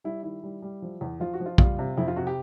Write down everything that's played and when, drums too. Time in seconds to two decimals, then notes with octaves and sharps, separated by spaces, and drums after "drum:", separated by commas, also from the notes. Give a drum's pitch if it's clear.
0.04 G3 E4
0.23 D#3 E4
0.43 G3
0.62 G3
0.82 F3
1.01 E2
1.20 F3 F4
1.34 F#4
1.40 F3
1.46 F4
1.58 G3 F4, drum: kick
1.79 C3
1.97 F2 E4
2.08 F4
2.17 C3 F#4
2.27 G4